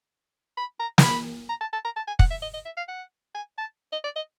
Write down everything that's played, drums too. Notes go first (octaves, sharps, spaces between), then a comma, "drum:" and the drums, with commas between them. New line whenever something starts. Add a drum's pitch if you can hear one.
B5
A#5
A#5, drum: snare
B5
A#5
A5
A5
A#5
A5
G#5
F#5, drum: kick
E5
D#5
D#5
E5
F5
F#5
G#5
A5
D#5
D5
D#5